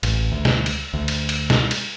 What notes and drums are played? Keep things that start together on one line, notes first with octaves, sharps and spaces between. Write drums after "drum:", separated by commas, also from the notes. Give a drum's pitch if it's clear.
A1, drum: cymbal
D2
drum: snare
drum: cymbal
D2
drum: cymbal
drum: cymbal
drum: snare
drum: cymbal